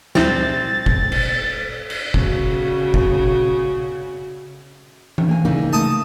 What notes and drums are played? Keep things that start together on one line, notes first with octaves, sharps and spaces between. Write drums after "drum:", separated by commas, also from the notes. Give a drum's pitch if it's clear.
D2 C4 D#4 E4 A6, drum: snare
drum: kick
drum: cymbal
drum: cymbal
C#3 F#4, drum: kick
drum: kick
drum: tom E3
A#3 G#5
C#3 E3 G3 A#3 D#4
A3 A5 D#6